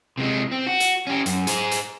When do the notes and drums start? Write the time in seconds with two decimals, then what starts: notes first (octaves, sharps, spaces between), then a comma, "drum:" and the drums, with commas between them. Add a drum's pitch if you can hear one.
0.17 C3 G#3
0.52 C4
0.67 F#4
0.80 drum: hi-hat
1.07 C#4 G4
1.26 F#2, drum: hi-hat
1.47 G#4 C5, drum: hi-hat
1.71 drum: hi-hat